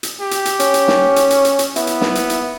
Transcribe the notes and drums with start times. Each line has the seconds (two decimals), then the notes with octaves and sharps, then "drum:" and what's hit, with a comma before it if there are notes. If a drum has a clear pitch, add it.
0.03 drum: hi-hat
0.21 G4
0.31 drum: hi-hat
0.45 drum: hi-hat
0.60 C#4, drum: hi-hat
0.74 drum: hi-hat
0.88 drum: snare
1.16 drum: hi-hat
1.30 drum: hi-hat
1.45 drum: hi-hat
1.59 drum: hi-hat
1.76 B3 E4, drum: hi-hat
1.87 drum: hi-hat
2.01 drum: snare
2.15 drum: hi-hat
2.30 drum: hi-hat